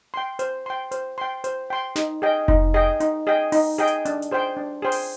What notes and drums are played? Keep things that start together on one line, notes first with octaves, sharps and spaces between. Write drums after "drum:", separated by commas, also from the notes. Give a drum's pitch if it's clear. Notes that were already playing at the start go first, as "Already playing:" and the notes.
G5 C6
C5, drum: hi-hat
G5 C6
C5, drum: hi-hat
G5 C6
C5, drum: hi-hat
G5 C6
D#4, drum: snare
G#4 D#5 G5
D#4, drum: kick F1
G#4 D#5 G5
D#4, drum: hi-hat
G#4 D#5 G5
D#4, drum: open hi-hat
G#4 D#5 G5
drum: hi-hat
D4, drum: hi-hat
drum: hi-hat
G#4 C5 G5 C6
D4
G#4 C5 G5 C6
drum: open hi-hat